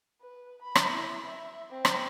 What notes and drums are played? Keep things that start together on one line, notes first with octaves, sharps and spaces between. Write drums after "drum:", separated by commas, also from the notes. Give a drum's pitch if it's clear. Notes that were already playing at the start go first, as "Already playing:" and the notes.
B4
B5
drum: rim click
E4
E5
C4
drum: rim click